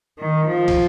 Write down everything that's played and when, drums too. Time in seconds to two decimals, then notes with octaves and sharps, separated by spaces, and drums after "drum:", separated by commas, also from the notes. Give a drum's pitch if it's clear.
0.20 D#3
0.48 F3
0.68 drum: kick, cymbal